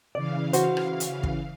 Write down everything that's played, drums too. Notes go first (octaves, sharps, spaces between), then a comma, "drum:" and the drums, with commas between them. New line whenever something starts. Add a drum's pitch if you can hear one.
C#3 E3 D5 F5
F#4 C5, drum: hi-hat
drum: rim click
drum: hi-hat
drum: kick